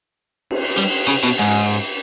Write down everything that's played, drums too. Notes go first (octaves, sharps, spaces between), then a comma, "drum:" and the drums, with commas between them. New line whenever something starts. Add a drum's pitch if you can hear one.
drum: cymbal
G3
C#3
B2
G#2